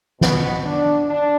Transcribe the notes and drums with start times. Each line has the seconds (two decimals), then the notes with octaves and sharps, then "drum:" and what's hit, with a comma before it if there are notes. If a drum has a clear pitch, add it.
0.21 B2 B3, drum: snare
0.65 D4
1.08 D4